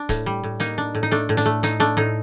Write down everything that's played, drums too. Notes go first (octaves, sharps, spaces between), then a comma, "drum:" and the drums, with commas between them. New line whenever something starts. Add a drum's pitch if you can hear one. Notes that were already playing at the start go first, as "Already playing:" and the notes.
Already playing: D4
A2, drum: kick C#1, hi-hat
G3
A2
A#3 D#4, drum: hi-hat
D4
A2
D#4
A3 D4
A2
D4, drum: hi-hat
A3
A2 D#4, drum: hi-hat
A3 D4
A2 D#4